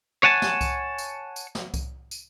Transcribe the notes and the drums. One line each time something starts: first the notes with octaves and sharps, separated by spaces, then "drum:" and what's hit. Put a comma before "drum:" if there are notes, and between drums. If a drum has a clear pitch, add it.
C#5 F#5 G#5 A5
drum: snare
drum: kick C2, tambourine
drum: tambourine
drum: tambourine
drum: snare
drum: kick C2, tambourine
drum: tambourine